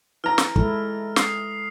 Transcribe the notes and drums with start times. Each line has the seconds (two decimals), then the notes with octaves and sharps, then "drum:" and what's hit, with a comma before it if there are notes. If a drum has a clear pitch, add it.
0.24 E3 A#5 F6
0.38 drum: snare
0.56 G#3 E4 A4, drum: kick
1.16 D#6 C7, drum: snare